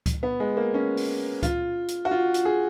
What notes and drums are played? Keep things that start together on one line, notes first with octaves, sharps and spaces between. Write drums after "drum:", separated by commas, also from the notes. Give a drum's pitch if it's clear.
drum: kick C#2, hi-hat
B3
G#3
A#3
C#4
drum: open hi-hat
F4, drum: kick C#2, hi-hat
drum: hi-hat
F#4
F4
drum: hi-hat
G#4